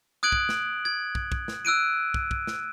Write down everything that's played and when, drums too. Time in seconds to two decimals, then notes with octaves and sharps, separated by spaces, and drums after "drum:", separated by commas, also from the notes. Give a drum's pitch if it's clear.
0.23 D#6 F#6 G#6 D7 F#7
0.32 drum: kick
0.49 drum: snare
0.85 G#6
1.15 drum: kick
1.32 drum: kick
1.48 drum: snare
1.65 E6 F#6 D7 D#7
2.14 drum: kick
2.31 drum: kick
2.47 drum: snare